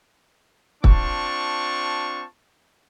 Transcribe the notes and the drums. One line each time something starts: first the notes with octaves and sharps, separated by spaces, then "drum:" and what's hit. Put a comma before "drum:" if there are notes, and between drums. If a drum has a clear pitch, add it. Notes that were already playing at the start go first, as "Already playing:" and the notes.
C4 D4 F4 A5 C#6, drum: kick